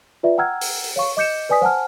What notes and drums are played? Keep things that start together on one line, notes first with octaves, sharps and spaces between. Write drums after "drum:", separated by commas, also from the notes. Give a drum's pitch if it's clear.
F4 B4 D5 E5
F#5 G5 A#5 E6 F6 G#6
drum: open hi-hat
drum: open hi-hat
C#5 F5 C#6
D#5 D6 G6 C#7 E7
B4 D5 G#5 D#6 B6
C5 F#5 G#5 A5 F6